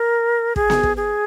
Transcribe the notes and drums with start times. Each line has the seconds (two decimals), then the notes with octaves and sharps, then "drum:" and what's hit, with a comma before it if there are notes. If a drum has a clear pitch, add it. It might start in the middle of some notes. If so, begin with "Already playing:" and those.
Already playing: A#4
0.56 G#4, drum: kick
0.70 drum: snare B3
0.83 drum: kick
0.97 G#4